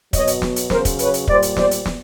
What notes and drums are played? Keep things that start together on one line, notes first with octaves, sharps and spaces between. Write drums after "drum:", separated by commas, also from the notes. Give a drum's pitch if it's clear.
B2 F#3 C#5 D#5, drum: kick, hi-hat
drum: hi-hat
drum: snare
drum: hi-hat
C#3 F#3 A#4 C5, drum: snare
drum: kick, hi-hat
B4 C#5, drum: hi-hat
drum: hi-hat
A#2 G3 C5 D5, drum: kick
drum: hi-hat
C5 D5, drum: snare
drum: hi-hat
drum: snare